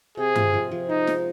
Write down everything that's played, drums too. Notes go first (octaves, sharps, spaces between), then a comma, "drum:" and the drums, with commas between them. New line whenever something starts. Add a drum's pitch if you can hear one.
C3 G#4
F4, drum: tom G2
F3
F3
G#3 D#4
G#3, drum: snare